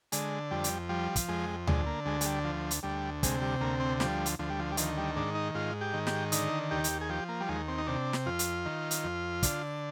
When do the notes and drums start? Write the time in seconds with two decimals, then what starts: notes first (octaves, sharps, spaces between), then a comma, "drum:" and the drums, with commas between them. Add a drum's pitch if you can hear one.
0.12 D3 G#3, drum: hi-hat
0.51 F2 G3
0.64 drum: hi-hat
0.89 F3 G3
1.16 drum: kick, hi-hat
1.28 F2 G#3
1.67 D3 G#3, drum: tom D2
1.86 A#3
2.05 D2 G#3
2.21 G#3, drum: hi-hat
2.26 G3
2.44 F3
2.71 drum: hi-hat
2.83 D2 G3
3.23 C3 G#3, drum: kick, hi-hat
3.41 G3
3.60 D2 A#3
3.80 C4
4.00 F3 G3, drum: snare
4.26 drum: hi-hat
4.39 D2 F3
4.50 G3
4.59 F3
4.72 G3
4.77 D#3 F3, drum: hi-hat
4.97 G3
5.16 G#2 D4
5.35 D#4
5.55 G#2 F4
5.81 G4
5.94 D#3
6.07 G4, drum: snare
6.32 D3 D#4, drum: hi-hat
6.71 D#2 G4
6.84 drum: hi-hat
7.01 G#4
7.09 F3 G4
7.29 A#3
7.40 G3
7.48 D#2 G#3
7.68 C4
7.78 D#4
7.87 C3 D4
8.13 drum: snare
8.26 F2 F4
8.39 drum: hi-hat
8.65 D#3
8.91 drum: hi-hat
9.04 F2
9.43 D3, drum: kick, hi-hat